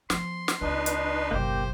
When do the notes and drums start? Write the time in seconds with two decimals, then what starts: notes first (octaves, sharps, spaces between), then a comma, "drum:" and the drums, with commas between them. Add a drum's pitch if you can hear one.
0.10 F3 B3 C6, drum: snare
0.48 drum: snare
0.61 C#2 C4 D4 D#4 B4
0.86 drum: hi-hat
1.31 F#1 B1 A#3 G4 C5